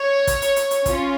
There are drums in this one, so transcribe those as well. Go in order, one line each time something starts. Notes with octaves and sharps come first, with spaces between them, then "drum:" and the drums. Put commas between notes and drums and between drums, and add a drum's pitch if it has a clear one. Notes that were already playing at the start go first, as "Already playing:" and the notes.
Already playing: C#5
drum: kick, hi-hat
drum: hi-hat
drum: hi-hat
drum: hi-hat
C#4 F4, drum: kick, hi-hat